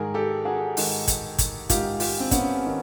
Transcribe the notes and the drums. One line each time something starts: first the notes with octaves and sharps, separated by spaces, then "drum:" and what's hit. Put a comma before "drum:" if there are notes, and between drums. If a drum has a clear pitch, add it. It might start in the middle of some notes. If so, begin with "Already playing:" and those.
Already playing: G#2 D#3 G#4 A#4
G4 A4
F#4 G#4
G#2 D#3, drum: open hi-hat
drum: kick, hi-hat
drum: kick, hi-hat
G#2 D#3 F4 G4, drum: kick, hi-hat
F4 G4, drum: open hi-hat
C4
B3 C#4, drum: kick, hi-hat
D#3